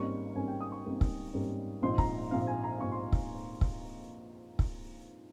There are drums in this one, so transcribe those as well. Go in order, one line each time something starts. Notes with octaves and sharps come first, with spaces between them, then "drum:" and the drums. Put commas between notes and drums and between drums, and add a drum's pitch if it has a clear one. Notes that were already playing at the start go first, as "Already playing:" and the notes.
Already playing: G#1 G#2 G3 A#3 C#4 C#6
G#1 G#2 G3 A#3 C#4 G#5
G5
D#6
C#6
G#1 G#2 G3 A#3 C#4
drum: kick
G#1 G#2 G3 A#3 C#4
A#1 G#2 F3 C4 C6
A#5, drum: kick
A#1 G#2 F3 C4 F5
G#5
A#5
A#1 G#2 F3 C4 C#6
C6
drum: kick
drum: kick
drum: kick